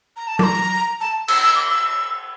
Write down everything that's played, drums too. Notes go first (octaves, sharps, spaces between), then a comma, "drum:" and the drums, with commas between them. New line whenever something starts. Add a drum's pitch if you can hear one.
A#5
A5
D6, drum: tom
A#5
A5
E6, drum: cymbal
E6
D6
E6